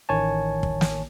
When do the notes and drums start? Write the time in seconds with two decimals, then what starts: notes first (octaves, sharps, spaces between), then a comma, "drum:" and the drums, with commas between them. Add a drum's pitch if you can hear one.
0.09 A1 D#3 C#5 G#5 A5
0.63 drum: kick
0.81 drum: snare